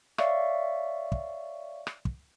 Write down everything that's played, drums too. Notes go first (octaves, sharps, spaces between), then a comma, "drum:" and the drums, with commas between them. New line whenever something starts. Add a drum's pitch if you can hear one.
C#5 D5 E5 F5 C#6, drum: rim click
drum: kick
drum: rim click
drum: kick